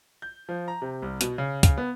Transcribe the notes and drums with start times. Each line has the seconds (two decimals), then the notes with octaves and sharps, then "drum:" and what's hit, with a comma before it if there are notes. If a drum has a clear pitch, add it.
0.22 G6
0.49 F3
0.68 A#5
0.82 C3
1.02 C2
1.21 B2, drum: hi-hat
1.38 C#3
1.63 C#3, drum: kick, hi-hat
1.78 B3